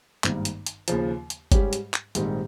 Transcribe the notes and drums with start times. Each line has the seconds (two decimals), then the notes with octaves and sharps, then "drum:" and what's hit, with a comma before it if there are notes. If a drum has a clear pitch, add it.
0.24 G#1 G2 D#3 A#3, drum: clap
0.45 drum: hi-hat
0.66 drum: hi-hat
0.88 D#2 C#3 F3, drum: hi-hat
1.30 drum: hi-hat
1.52 G#2 G3 C#4 G4, drum: kick G1, hi-hat
1.73 drum: hi-hat
1.94 drum: clap
2.15 A#1 G#2 D#3 G3 C4, drum: hi-hat